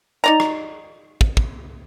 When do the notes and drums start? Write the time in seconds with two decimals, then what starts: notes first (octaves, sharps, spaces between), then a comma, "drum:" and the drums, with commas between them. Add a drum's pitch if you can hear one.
0.24 D#4 D5 A#5
0.40 drum: rim click
1.21 drum: kick
1.37 drum: kick